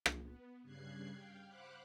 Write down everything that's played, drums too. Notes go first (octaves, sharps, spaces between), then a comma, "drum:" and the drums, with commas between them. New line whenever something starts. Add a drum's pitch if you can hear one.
drum: rim click
B3
G2 C#3 G3 F#6 G#6 C7
F5 G5
C5 F5 F#5 B5 D6 F#6